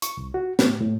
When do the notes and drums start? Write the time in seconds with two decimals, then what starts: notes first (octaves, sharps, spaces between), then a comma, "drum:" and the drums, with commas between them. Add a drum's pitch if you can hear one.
0.02 C#6, drum: hi-hat
0.17 C2
0.34 F#4
0.59 A2, drum: snare
0.81 A2